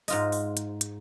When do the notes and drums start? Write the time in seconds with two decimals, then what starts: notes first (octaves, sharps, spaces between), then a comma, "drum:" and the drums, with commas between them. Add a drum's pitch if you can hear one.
0.08 G#2 F4 D#5, drum: open hi-hat
0.32 drum: open hi-hat
0.57 drum: hi-hat
0.81 drum: hi-hat